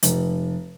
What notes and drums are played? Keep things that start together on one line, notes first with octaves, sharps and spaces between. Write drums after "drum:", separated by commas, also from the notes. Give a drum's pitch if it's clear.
F1, drum: hi-hat